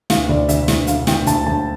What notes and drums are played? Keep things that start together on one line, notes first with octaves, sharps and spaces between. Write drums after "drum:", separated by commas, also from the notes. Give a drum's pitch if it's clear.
D2 F5, drum: snare
D2 D5
D3 E5, drum: hi-hat
D2 E5, drum: snare
D3 F5, drum: hi-hat
D2 G5, drum: snare
D2 A5, drum: hi-hat
D2 A5